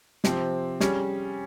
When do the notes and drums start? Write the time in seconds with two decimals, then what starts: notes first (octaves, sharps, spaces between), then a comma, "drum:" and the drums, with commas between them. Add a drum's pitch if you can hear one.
0.24 C3 F3 C4, drum: snare
0.80 G3 C#4 G#4, drum: snare